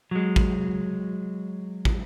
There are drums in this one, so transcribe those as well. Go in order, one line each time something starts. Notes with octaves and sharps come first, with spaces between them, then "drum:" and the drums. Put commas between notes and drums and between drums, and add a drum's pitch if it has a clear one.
F#3 G#3
drum: kick
drum: kick